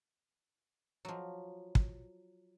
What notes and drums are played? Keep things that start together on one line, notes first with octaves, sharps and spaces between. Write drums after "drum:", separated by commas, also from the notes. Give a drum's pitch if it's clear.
F3 F#3
drum: kick